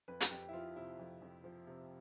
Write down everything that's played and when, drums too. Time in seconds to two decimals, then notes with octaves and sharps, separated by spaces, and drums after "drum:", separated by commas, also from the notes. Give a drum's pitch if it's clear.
0.08 F2 B4
0.21 drum: hi-hat
0.31 F2 G4
0.49 E4
0.53 F3 F4
0.76 C3 E4
0.99 F2
1.22 F2
1.44 F3
1.67 C3